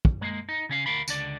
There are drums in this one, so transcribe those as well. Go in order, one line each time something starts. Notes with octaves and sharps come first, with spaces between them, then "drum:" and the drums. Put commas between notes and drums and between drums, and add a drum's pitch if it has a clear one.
drum: kick
G#3 A#3
D#4
C#3 C#4 F5
D2 A#4 F5 B5
C#2 D3 D5, drum: tambourine